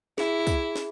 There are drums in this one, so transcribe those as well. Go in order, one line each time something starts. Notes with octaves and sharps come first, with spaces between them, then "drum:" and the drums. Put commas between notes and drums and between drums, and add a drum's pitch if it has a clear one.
E4 G#4, drum: snare
drum: kick, tambourine
drum: snare